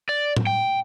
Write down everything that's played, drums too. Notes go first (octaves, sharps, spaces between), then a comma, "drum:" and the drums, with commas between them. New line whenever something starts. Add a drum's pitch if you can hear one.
D5
drum: tom A2
G5